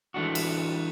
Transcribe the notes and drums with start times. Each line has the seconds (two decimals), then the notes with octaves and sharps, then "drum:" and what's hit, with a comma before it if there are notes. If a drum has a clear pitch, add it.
0.14 E3 A3 D4 F#4
0.35 drum: cymbal